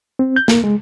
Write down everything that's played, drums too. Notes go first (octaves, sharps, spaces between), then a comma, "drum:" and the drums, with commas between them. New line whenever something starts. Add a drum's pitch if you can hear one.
C4
G6
A#3, drum: snare
G#3